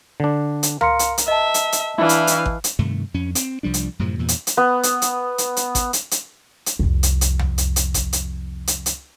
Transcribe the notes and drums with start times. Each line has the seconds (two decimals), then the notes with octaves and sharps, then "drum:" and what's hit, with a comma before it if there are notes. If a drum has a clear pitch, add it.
0.20 D3 D4
0.63 drum: hi-hat
0.81 A#4 F5 C6 C#7, drum: tom
0.99 drum: hi-hat
1.18 drum: hi-hat
1.28 D#5 E5 A5
1.54 drum: hi-hat
1.72 drum: hi-hat
1.98 E3 D4 E4 F5
2.09 drum: hi-hat
2.27 drum: hi-hat
2.46 drum: kick G#1
2.64 drum: hi-hat
2.79 G2 C3 D#3 A3
3.14 F2 C#4
3.35 C4, drum: hi-hat
3.63 C2 F3 G3 D4
3.74 drum: hi-hat
3.99 F#2 A2 C3 F3
4.19 E2 G2 A#2
4.28 drum: hi-hat
4.47 drum: hi-hat
4.57 B3
4.83 drum: hi-hat
5.02 drum: hi-hat
5.38 drum: hi-hat
5.57 drum: hi-hat
5.75 drum: kick G#1, hi-hat
5.93 drum: hi-hat
6.11 drum: hi-hat
6.66 drum: hi-hat
6.79 C2 F2
7.03 drum: hi-hat
7.21 drum: hi-hat
7.39 drum: tom
7.58 drum: hi-hat
7.76 drum: hi-hat
7.94 drum: kick G#1, hi-hat
8.13 drum: hi-hat
8.67 drum: hi-hat
8.86 drum: hi-hat